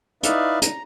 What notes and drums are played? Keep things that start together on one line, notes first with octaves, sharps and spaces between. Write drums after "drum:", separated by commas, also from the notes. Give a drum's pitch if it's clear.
D#4 E4 B4 D5 E5 F5, drum: hi-hat
A#5, drum: hi-hat